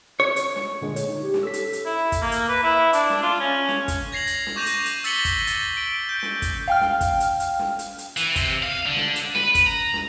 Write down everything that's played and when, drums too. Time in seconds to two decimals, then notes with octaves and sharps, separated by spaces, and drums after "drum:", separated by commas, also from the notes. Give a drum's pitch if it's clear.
0.20 C#5
0.36 drum: hi-hat
0.56 drum: snare
0.82 A#2 D3 G#3
0.96 C#5, drum: hi-hat
1.09 D#4
1.22 G4
1.34 drum: snare
1.43 A4 E6 B6
1.53 drum: hi-hat
1.73 drum: hi-hat
1.85 E4
2.12 drum: kick, hi-hat
2.22 A#3
2.32 drum: hi-hat
2.49 B4
2.63 E4
2.93 D4, drum: hi-hat
3.10 drum: snare
3.22 F4
3.40 C#4
3.68 drum: snare
3.88 drum: kick, hi-hat
4.12 G#6 A#6 C7 F7 F#7
4.27 drum: hi-hat
4.47 drum: snare
4.56 C#6 D6 G6 A#6 D#7 F7
4.66 drum: hi-hat
4.86 drum: hi-hat
5.04 E6 A6 B6 C#7 F#7 G7, drum: hi-hat
5.25 drum: kick, hi-hat
5.47 A6, drum: hi-hat
5.77 D7
6.09 G6
6.23 drum: snare
6.42 drum: kick, hi-hat
6.68 F5 G5 F6
6.81 drum: snare
7.01 drum: kick, hi-hat
7.20 drum: hi-hat
7.40 drum: hi-hat
7.59 drum: snare
7.79 drum: hi-hat
7.98 drum: hi-hat
8.17 E3, drum: hi-hat
8.36 C3, drum: kick, hi-hat
8.63 F5
8.86 D3
8.96 drum: snare
9.16 drum: hi-hat
9.35 B4, drum: snare
9.55 drum: kick, hi-hat
9.67 A#5
9.94 drum: snare